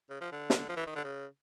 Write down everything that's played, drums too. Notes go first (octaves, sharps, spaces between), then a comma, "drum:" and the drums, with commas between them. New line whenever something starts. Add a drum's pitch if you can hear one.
C#3
F3
D3
drum: snare
F3
E3
D#3
D3
C#3